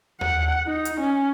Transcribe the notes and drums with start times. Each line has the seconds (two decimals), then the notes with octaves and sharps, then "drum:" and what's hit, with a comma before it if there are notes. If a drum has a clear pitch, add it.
0.21 F#5, drum: tom D#2
0.67 D#4
0.85 drum: hi-hat
1.01 C#4